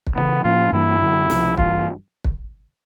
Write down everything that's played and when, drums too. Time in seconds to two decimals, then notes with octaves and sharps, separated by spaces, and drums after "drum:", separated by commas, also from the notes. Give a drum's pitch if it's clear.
0.07 drum: kick
0.16 D2 C#3 E3 B3
0.44 A2 F3 A#3 C#4 F4
0.72 G2 E3 G3 A#3 E4
1.01 F#2 D3 F#3
1.30 C#2 C3 F3, drum: snare
1.57 G2 E3 G3 F4, drum: kick
2.24 drum: kick